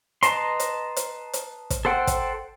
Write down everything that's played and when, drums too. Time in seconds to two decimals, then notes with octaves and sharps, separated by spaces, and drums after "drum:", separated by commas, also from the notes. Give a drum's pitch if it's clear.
0.23 B4 D#5 A5 A#5 C6, drum: hi-hat
0.60 drum: hi-hat
0.96 drum: hi-hat
1.33 drum: hi-hat
1.70 drum: kick, hi-hat
1.85 A4 C5 F#5 G5
2.07 drum: kick, hi-hat